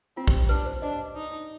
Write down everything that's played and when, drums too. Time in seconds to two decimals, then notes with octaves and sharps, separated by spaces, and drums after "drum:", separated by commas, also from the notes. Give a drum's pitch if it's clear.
0.16 C4 F4
0.28 G4, drum: kick A#1
0.49 D4 B4, drum: hi-hat
0.66 C5
0.82 D4 D#5
1.15 D#4